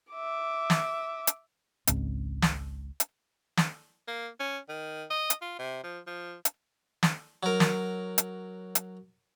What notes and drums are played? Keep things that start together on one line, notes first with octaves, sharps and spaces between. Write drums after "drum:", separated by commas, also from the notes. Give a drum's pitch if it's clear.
E5 D6
drum: snare
drum: hi-hat
G#1 C#2 G#2 C4, drum: hi-hat
drum: snare
drum: hi-hat
drum: snare
A#3
C#4
D#3
D#5
drum: hi-hat
F4
C3
F3
F3
drum: hi-hat
drum: snare
F#3 A#4
drum: snare
drum: hi-hat
drum: hi-hat